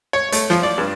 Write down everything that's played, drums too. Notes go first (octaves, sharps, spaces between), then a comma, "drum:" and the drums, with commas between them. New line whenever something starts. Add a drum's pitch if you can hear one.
C#5
A3, drum: hi-hat
F3, drum: snare
D5
G2